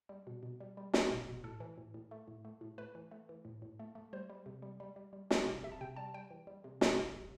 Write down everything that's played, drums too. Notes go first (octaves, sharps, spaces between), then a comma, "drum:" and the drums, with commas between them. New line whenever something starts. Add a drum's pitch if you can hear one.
G3
B2
B2
G3
G3
G3, drum: snare
B2
B2
A2 A4
E3
A2
A2
A3
A2
A3
A2
A3 B4
E3
A3
E3
A2
A2
A3
A3
G3 C5
G3
C3
G3
G3
G3
G3
G3, drum: snare
C3 D5
C3 E5
A5
C3 G5
G3 A5
G3 G5
E3
G3
C3
C3, drum: snare
G3
C3